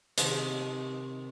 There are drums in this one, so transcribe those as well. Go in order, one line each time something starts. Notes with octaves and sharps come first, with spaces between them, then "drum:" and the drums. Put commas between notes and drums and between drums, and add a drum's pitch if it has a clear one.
C3 D#3, drum: hi-hat